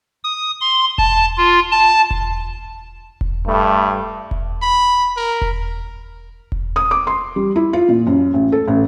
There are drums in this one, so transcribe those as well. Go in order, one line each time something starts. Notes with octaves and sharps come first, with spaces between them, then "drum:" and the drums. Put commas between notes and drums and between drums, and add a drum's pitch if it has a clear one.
D#6
C6
A5, drum: kick E1
F4
A5
drum: kick E1
drum: kick E1
G2 A3
drum: kick E1
B5
A#4
drum: kick E1
drum: kick E1
D#6
D6
C6
G3
E4
F4
A#2
F#2
A1
A4
A1